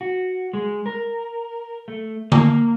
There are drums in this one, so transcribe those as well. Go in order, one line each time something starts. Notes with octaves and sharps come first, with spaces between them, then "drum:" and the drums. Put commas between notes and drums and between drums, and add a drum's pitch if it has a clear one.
F#4
G#3
A#4
A3
A#3, drum: tom D3